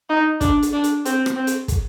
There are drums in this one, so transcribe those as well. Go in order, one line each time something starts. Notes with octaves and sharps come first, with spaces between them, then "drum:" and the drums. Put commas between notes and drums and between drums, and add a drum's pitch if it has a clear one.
D#4
D4, drum: kick, hi-hat
drum: hi-hat
D4
drum: hi-hat
C4, drum: hi-hat
drum: rim click
C4
drum: hi-hat
drum: kick, hi-hat